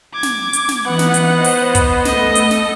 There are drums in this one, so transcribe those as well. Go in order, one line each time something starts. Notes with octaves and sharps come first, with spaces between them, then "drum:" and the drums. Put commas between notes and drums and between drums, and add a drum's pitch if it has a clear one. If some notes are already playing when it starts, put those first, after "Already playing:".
D6 G#6
drum: snare
drum: hi-hat
drum: snare
E3 B3 D#4 F#5
drum: snare
drum: hi-hat
C5 D#5
drum: open hi-hat
drum: kick, hi-hat
A3 A4 D#5, drum: snare
drum: hi-hat
drum: snare